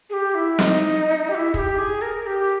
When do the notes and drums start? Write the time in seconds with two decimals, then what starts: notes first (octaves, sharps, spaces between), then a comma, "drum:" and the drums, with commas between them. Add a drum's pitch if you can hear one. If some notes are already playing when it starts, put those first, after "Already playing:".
0.10 G#4
0.13 G4
0.35 E4
0.59 D#4, drum: snare
1.30 G4
1.35 E4
1.54 G#4, drum: kick
1.58 G4
1.78 G#4
2.02 A#4
2.26 G4